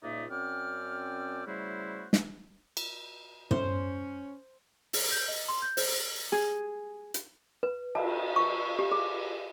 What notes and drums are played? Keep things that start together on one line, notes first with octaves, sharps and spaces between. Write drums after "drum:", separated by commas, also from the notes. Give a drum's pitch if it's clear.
C#2 A#2 A#3 D#4 D5 E5
F#2 C4 C#4 D5 G5 F6
C#3 G3 A3 E4 F#4 C5
drum: snare
drum: cymbal
C#4 C5, drum: tom
drum: open hi-hat
G6
D#5
C6
G6
C5, drum: open hi-hat
G#4
drum: hi-hat
B4
A5, drum: cymbal
C#6
G4
G#4